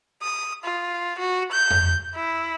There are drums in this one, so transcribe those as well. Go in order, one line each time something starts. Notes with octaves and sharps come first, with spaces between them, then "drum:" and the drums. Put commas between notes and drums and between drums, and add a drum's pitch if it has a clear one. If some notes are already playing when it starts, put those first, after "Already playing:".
D#6
F4
F#4
G6
drum: tom F2
E4